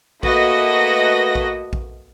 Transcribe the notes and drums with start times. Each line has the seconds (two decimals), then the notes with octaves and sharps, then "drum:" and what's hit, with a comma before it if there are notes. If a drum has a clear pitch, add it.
0.23 A3 A#3 F#4 B4 D#5 A#6, drum: kick A#1
1.35 drum: kick A#1
1.73 drum: kick A#1